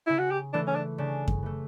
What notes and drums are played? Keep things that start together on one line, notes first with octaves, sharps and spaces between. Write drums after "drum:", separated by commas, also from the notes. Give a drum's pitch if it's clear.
C#3 E4
F#4
G4
E3 A3 D4
C#4
D4
C#3 D4
drum: kick F#2
E3 A3